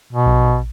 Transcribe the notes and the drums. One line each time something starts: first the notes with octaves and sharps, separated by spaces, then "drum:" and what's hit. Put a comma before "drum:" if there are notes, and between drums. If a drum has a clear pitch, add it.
B2
drum: kick A#1